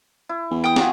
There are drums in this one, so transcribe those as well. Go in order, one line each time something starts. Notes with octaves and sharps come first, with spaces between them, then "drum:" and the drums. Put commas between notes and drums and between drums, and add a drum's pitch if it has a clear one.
E4
E2
G5 D#6
F4 F#4 G#5, drum: snare